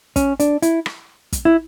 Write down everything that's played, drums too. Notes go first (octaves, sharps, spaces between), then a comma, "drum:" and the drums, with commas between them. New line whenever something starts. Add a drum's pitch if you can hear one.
C#4, drum: kick, hi-hat
D4, drum: hi-hat
E4, drum: hi-hat
drum: rim click
drum: kick, hi-hat
E4